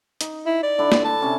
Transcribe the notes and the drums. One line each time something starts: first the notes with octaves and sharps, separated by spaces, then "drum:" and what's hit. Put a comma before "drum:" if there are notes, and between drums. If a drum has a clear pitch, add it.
D#4, drum: hi-hat
E4
D5
D3 D4 E4
drum: snare
A5
C3 C#4 A4